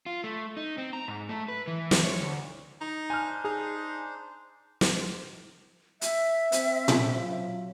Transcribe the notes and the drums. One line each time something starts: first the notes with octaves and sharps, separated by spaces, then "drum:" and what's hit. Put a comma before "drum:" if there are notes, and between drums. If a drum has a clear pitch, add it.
F4
A3
D#4
C4
A#5
G#2
A3
B4
E3
drum: snare
C#5
D2
D#4
D4 C5 G#5 F6
D#4 G#4
drum: snare
E5, drum: hi-hat
C4, drum: hi-hat
drum: tom A#2
F#3 F4